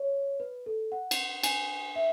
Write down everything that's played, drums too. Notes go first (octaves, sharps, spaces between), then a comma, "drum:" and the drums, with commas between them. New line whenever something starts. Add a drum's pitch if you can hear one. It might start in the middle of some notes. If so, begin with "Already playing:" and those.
Already playing: C#5
B4
A4
F#5
drum: cymbal
G#5, drum: cymbal
E5